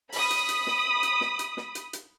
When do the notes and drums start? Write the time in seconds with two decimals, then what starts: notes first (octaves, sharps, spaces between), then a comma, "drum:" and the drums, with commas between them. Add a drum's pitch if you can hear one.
0.12 B5 D#6, drum: open hi-hat
0.30 drum: hi-hat
0.49 drum: hi-hat
0.67 drum: snare
1.03 drum: hi-hat
1.21 drum: snare
1.39 drum: hi-hat
1.57 drum: snare
1.75 drum: hi-hat
1.93 drum: hi-hat